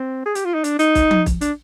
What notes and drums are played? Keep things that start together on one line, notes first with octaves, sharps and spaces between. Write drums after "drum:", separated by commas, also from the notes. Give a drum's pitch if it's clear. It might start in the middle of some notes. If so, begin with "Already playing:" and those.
Already playing: C4
G#4
G4, drum: hi-hat
F4
D#4
D4, drum: hi-hat
D#4, drum: hi-hat
drum: kick, hi-hat
drum: tom F3
drum: kick, hi-hat
D4, drum: hi-hat